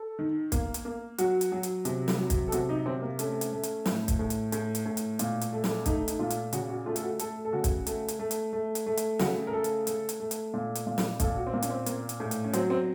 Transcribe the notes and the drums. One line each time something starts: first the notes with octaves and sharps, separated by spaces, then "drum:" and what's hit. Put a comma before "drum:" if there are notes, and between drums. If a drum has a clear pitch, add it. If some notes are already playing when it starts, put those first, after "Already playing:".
Already playing: A4
D#3
A#3, drum: kick, hi-hat
drum: hi-hat
A#3
F#3 F#4, drum: hi-hat
drum: hi-hat
F#3
drum: hi-hat
C3, drum: hi-hat
drum: snare
F#3
drum: kick, hi-hat
A4
C3 F#4, drum: hi-hat
D#4
C3 C4
A#3
A3 C#4, drum: hi-hat
drum: hi-hat
A3
drum: hi-hat
A2, drum: snare
drum: kick, hi-hat
A2
drum: hi-hat
A2, drum: hi-hat
drum: hi-hat
A2
drum: hi-hat
A#2, drum: hi-hat
drum: hi-hat
A3
drum: snare
A3 D#4, drum: kick, hi-hat
D#4, drum: hi-hat
A#2 F4
drum: hi-hat
C#3 F#4, drum: hi-hat
F#4
A3 F4
A4, drum: hi-hat
F#4
A3 A4, drum: hi-hat
A4
C#3 F#4
drum: kick, hi-hat
A3, drum: hi-hat
drum: hi-hat
A3
drum: hi-hat
A3
drum: hi-hat
A3
drum: hi-hat
C#3 F#4, drum: snare
A#4
A3 A4
drum: hi-hat
A3, drum: hi-hat
drum: hi-hat
A3
drum: hi-hat
A#2
drum: hi-hat
A#2
drum: snare
A#2 A4, drum: kick, hi-hat
F#4
C4
A#2 A#3
C#4, drum: hi-hat
C4
A#3, drum: hi-hat
drum: hi-hat
A2
drum: hi-hat
C#4
F#3 C4, drum: hi-hat
C4